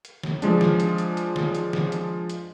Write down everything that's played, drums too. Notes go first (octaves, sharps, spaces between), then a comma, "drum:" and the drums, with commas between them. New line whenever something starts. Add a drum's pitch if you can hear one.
drum: hi-hat
drum: snare
F3 G#3 D4, drum: hi-hat
drum: snare
drum: hi-hat
drum: hi-hat
drum: hi-hat
drum: snare
drum: hi-hat
drum: snare
drum: hi-hat
drum: hi-hat